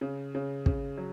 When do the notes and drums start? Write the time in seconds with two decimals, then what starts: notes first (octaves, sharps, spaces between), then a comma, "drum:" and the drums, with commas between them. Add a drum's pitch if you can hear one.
0.01 C#3
0.35 C#3
0.66 C#3, drum: kick
0.98 F#3